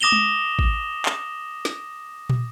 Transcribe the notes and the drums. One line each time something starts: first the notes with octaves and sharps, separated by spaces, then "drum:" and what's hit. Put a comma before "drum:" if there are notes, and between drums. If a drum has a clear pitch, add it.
D6 D#6 A#6 E7 F7 G7
drum: tom G#3
drum: kick
drum: clap
drum: snare
drum: tom